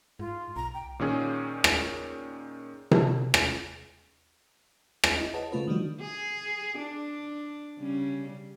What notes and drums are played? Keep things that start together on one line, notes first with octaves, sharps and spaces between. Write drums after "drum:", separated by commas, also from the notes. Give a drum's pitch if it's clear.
G#2 F4
B1 A#5
G5
A#2 D#3 C#4 G#4
drum: rim click
drum: tom C3
drum: rim click
drum: rim click
E4 D#5
G#4 B4 C#5 D#5 F#5 A5
C#3 A3 F4 B4 C5
D#3 F3 G3 D4 D#4 F#4
G#4
D4
C#3 G3 C#4